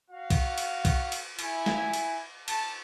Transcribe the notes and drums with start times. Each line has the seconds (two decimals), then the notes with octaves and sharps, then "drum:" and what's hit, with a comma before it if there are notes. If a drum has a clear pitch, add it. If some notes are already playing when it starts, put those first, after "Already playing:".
0.11 F#4 F5
0.30 drum: kick B1, cymbal
0.58 drum: cymbal
0.85 drum: kick B1, cymbal
1.12 drum: cymbal
1.39 E4 G#5, drum: cymbal
1.66 drum: snare
1.93 drum: cymbal
2.48 A5, drum: cymbal